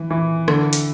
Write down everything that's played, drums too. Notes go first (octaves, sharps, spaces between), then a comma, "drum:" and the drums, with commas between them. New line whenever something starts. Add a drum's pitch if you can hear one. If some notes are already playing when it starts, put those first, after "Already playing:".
Already playing: E3
E3
D3, drum: rim click
drum: hi-hat